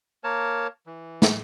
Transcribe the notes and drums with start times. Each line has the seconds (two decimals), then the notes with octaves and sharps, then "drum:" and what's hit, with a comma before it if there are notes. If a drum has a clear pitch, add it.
0.24 A#3 A#4 C#5 A5
0.87 E3
1.22 drum: snare